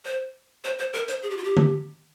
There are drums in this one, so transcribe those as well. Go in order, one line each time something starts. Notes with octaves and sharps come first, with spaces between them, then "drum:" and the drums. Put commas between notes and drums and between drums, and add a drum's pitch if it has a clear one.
C5
C5
C5
A#4
C5, drum: hi-hat
G#4
G4
F4
G4
drum: tom D3